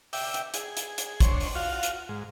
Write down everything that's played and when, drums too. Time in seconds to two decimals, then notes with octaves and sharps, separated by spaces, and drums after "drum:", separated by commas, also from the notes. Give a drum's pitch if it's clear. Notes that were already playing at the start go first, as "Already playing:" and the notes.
0.13 E5 G5 D6, drum: open hi-hat
0.34 drum: hi-hat
0.54 G#4, drum: hi-hat
0.77 drum: hi-hat
0.98 drum: hi-hat
1.20 D4 C5 C#5, drum: kick, hi-hat
1.40 drum: open hi-hat
1.55 F4 F#4 F5
1.83 drum: hi-hat
2.09 G#2